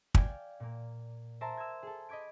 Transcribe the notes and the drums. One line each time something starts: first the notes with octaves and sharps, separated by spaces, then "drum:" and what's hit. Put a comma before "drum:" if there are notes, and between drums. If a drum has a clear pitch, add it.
D5 F5 G5 G#5, drum: kick
A#2 A#3
A#4 C5 E5 A5 A#5
E6 G#6
G#4 A4
D#5 B5 D6 G#6 D7